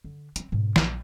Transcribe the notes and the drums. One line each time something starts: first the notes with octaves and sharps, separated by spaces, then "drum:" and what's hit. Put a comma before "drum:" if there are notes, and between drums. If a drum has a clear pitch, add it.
D3
C4 D#4, drum: hi-hat
G#2 B2
A#1 F#3, drum: snare